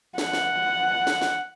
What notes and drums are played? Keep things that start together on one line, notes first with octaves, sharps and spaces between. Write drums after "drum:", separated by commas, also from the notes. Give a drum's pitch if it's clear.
F#5, drum: snare
drum: snare
drum: snare
drum: snare